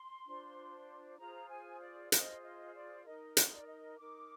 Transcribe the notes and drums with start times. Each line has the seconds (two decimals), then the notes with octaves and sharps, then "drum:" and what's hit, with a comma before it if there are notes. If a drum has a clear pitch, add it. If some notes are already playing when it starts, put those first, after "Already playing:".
Already playing: C6
0.26 D4 F4 C5
1.19 F4 G#4 C5 A#5
1.50 G#5
1.81 D5
2.12 F4 G#4 C5 D#5, drum: hi-hat
2.43 D#5
2.74 D5
3.05 D#4 A#4 D#5
3.37 D5, drum: hi-hat
3.53 D5
3.68 D#5
3.99 D#4 A#4 D6